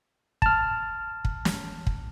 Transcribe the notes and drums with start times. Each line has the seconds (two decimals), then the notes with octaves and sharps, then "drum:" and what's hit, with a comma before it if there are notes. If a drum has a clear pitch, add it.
0.42 A5 F6, drum: kick
1.25 drum: kick
1.45 drum: snare
1.87 drum: kick